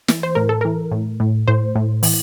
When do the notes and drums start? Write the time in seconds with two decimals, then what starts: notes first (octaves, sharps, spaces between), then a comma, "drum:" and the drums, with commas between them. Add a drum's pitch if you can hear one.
0.08 E3, drum: snare
0.23 C5
0.35 A2 A#4
0.49 A4
0.61 E3 A#4
0.92 A2
1.20 A2
1.48 A2 C5
1.76 A2
2.03 E3, drum: open hi-hat